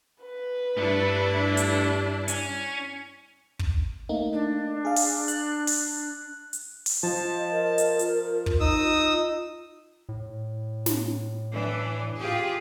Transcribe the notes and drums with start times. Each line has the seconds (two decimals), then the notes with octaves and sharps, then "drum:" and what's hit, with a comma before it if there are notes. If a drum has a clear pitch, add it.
0.22 B4
0.77 G2 A3 D4 E4
1.57 drum: hi-hat
2.28 C#4, drum: hi-hat
3.59 drum: kick
4.09 A3 A#3 D#4
4.33 D4
4.85 G#4 F5
4.96 drum: open hi-hat
5.28 F#6, drum: hi-hat
5.67 drum: open hi-hat
6.53 drum: hi-hat
6.86 drum: open hi-hat
7.03 F3 D#5 A5
7.51 A#4 D#5
7.78 drum: hi-hat
7.99 F4, drum: hi-hat
8.46 drum: kick
8.60 D#4 D#6 E6
10.09 A2
10.86 drum: snare
11.52 E3 D4
12.18 F4 G4 G#4